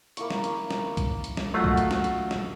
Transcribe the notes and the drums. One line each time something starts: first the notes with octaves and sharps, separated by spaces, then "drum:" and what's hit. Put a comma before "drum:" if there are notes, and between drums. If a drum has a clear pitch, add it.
A#3 E4 C#6, drum: hi-hat
drum: snare
drum: hi-hat
drum: snare
drum: kick B1, hi-hat
drum: hi-hat
drum: snare
F#3 A3 F4 D#5 F#5
drum: kick B1
drum: hi-hat
drum: snare
drum: hi-hat
drum: snare